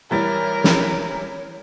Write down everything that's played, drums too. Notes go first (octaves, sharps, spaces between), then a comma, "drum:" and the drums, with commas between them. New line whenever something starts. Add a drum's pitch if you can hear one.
E3 G3 A#4 C#5 A6
drum: snare